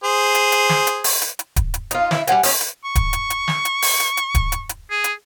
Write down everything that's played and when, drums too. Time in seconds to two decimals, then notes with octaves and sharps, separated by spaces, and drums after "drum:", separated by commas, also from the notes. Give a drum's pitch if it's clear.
0.04 G#4 C5
0.35 drum: hi-hat
0.52 drum: hi-hat
0.69 drum: snare
0.87 drum: hi-hat
1.04 drum: open hi-hat
1.22 drum: hi-hat
1.39 drum: hi-hat
1.56 drum: kick D1, hi-hat
1.74 drum: hi-hat
1.91 D#4 F4, drum: hi-hat
2.11 E4 E5, drum: snare
2.27 G3 C4 F#5 G#5, drum: hi-hat
2.43 C#4 D#5, drum: open hi-hat
2.61 drum: hi-hat
2.85 C#6
2.95 drum: kick D1, hi-hat
3.13 drum: hi-hat
3.30 drum: hi-hat
3.48 drum: snare
3.65 drum: hi-hat
3.82 drum: open hi-hat
4.00 drum: hi-hat
4.17 drum: hi-hat
4.35 drum: kick D1, hi-hat
4.52 drum: hi-hat
4.69 drum: hi-hat
4.90 G#4
5.04 drum: hi-hat